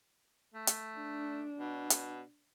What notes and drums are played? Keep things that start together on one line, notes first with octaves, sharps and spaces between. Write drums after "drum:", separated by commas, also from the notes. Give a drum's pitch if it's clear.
A3
drum: hi-hat
D4
B2
drum: hi-hat